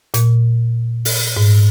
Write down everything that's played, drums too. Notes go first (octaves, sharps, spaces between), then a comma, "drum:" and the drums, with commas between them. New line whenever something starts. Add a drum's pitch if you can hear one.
A#2, drum: hi-hat
drum: open hi-hat
G#2